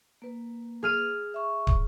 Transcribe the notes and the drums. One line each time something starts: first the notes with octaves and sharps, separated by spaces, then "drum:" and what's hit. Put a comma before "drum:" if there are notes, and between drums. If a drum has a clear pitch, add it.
A#3 B4
G#4 F6 D#7
E5 C#6
drum: kick